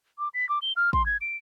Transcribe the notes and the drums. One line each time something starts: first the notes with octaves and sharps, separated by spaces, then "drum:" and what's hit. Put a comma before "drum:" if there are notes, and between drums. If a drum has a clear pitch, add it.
D6
B6
D6
G7
F6
C6, drum: kick
G#6
D7